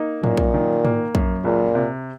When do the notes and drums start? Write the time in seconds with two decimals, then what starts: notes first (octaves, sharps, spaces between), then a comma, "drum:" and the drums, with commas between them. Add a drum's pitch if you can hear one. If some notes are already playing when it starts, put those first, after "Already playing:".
Already playing: A#3 D#4
0.24 F#2 A#2, drum: tom G#2
0.37 drum: kick
0.54 D#3
0.85 A#3, drum: tom G#2
1.15 F#2, drum: kick
1.45 C#2 A#2
1.75 C3